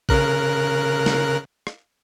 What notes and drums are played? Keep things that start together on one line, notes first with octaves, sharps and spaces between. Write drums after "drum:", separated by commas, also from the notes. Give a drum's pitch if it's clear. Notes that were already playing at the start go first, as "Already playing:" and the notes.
C#3 A#4 F#6, drum: kick A#1
drum: snare
drum: rim click